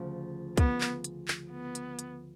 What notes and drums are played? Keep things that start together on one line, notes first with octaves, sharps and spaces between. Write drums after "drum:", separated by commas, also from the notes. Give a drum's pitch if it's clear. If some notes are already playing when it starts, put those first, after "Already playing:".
Already playing: D2 C#3 F3
B3, drum: kick, hi-hat
drum: clap
drum: hi-hat
drum: clap
B3
drum: hi-hat
drum: hi-hat